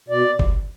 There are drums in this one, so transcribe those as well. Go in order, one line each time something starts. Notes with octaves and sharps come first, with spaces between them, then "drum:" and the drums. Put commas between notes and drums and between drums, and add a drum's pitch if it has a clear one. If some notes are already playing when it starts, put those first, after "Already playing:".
B2 D5
drum: kick G1